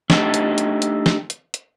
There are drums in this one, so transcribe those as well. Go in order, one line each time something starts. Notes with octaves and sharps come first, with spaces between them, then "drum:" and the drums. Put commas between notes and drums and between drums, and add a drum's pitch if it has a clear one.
A3 D4 D#4 G4 A4, drum: snare
drum: hi-hat
drum: hi-hat
drum: hi-hat
drum: snare
drum: hi-hat
drum: hi-hat